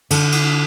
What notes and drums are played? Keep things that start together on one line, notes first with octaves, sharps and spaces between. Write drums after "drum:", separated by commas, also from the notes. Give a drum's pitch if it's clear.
D3, drum: cymbal
drum: cymbal